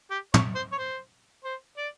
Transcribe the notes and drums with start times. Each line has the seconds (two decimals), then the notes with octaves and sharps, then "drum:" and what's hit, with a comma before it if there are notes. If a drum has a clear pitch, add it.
0.11 G4
0.34 C#5, drum: tom
0.55 C5
0.72 C#5
0.78 C5
1.45 C5
1.78 D5